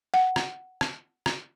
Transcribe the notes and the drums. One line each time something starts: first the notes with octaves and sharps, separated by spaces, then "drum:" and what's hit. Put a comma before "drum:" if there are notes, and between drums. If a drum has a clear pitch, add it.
F#5
drum: rim click
drum: rim click
drum: rim click